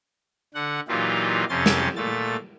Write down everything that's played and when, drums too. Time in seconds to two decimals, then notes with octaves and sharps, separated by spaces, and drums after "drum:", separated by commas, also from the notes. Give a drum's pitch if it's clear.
0.54 D3 F#5
0.88 A#2 E3 F#3 D#4 F4 G4
1.49 F2 C3 C#4 C6 A6
1.66 drum: snare
1.96 A#2 A3 A6